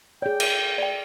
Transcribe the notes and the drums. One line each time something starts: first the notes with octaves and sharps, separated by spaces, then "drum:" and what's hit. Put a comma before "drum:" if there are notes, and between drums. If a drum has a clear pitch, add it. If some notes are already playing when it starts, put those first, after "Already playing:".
G#4 C#5 D5 G5
drum: cymbal
D5 G5